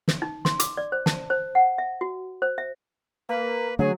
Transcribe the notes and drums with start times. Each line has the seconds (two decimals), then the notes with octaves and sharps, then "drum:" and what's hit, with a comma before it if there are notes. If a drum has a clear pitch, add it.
0.08 drum: snare
0.22 D#4
0.45 C6, drum: snare
0.60 D6, drum: hi-hat
0.77 D5
0.92 C5
1.06 A5, drum: snare
1.30 C5
1.55 F#5
1.78 E5
2.01 F#4
2.42 C5
2.58 E5
3.29 A#3 B4
3.79 D3 F#3 A3 D4 G#4